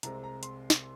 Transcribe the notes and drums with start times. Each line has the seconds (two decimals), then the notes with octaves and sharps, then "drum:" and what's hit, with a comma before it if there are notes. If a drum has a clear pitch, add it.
0.03 C2 C3 G#3 C4 A#5, drum: hi-hat
0.24 A#5
0.43 C6, drum: hi-hat
0.70 drum: snare